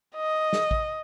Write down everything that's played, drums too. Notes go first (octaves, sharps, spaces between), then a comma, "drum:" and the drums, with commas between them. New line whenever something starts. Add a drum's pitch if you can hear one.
D#5
drum: snare
drum: kick